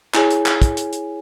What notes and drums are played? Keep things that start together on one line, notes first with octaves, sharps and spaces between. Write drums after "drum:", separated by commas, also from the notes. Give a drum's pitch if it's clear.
E4 G#4 C#5 G#5, drum: clap
drum: hi-hat
drum: clap
drum: kick, hi-hat
drum: hi-hat
drum: hi-hat